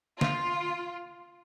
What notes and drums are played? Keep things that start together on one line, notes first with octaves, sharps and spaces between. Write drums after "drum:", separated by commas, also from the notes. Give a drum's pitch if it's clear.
F4, drum: snare